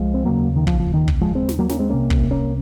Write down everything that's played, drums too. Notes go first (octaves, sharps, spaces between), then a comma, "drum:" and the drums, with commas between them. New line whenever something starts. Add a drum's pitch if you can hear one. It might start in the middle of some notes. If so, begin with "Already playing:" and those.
Already playing: C2 F3 G#3
C4
D#2 C#3 F#3 A#3
D#3
F3, drum: kick
F3
D#3
drum: kick
F3 G#3
G#3 C4
drum: snare
F#3 A#3
A#3 C#4, drum: snare
G#3 C4
C2 C3 A#3 C#4
drum: kick
A#3 C#4